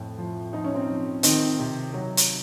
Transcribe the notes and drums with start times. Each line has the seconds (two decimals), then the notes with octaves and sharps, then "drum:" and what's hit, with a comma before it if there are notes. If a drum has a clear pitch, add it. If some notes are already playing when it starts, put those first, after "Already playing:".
Already playing: F2 A2
0.18 F3
0.53 F3 D#4
0.64 C#4
0.74 C4 D#4
0.88 F3
1.23 D#3 C4 D#4, drum: hi-hat
1.59 C3
1.94 F#3
2.17 drum: hi-hat